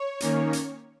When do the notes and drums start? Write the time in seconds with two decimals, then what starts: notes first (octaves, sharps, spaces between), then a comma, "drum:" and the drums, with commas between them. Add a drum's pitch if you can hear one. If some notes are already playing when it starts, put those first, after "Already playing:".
Already playing: C#5
0.20 D#3 A#3 C#4, drum: hi-hat
0.53 drum: hi-hat